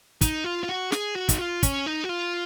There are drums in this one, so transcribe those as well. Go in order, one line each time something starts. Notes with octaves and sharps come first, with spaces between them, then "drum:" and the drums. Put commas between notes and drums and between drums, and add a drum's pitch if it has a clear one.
D#4, drum: kick, hi-hat
F4
F4
F#4
G#4, drum: snare
F#4
D#4, drum: kick, hi-hat
F4
C#4, drum: kick, hi-hat
D#4
F#4
F4